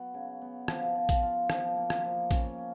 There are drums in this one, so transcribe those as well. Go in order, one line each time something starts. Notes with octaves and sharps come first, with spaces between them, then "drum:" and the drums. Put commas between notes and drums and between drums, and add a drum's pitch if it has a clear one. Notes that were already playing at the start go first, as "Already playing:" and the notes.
Already playing: F#3 B3
C#3
B3
F3, drum: rim click
F3
drum: kick, hi-hat
F4
F3, drum: rim click
A#3
drum: rim click
F3
C#4, drum: kick, hi-hat
C#4